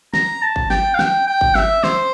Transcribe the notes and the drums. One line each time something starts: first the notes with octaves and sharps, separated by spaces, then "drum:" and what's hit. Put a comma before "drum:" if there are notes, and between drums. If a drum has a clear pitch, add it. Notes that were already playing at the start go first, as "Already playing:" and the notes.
A#5, drum: snare
A5
drum: kick G1
G5, drum: snare
F5
G5, drum: snare
G5
drum: kick G1
E5, drum: snare
C5, drum: snare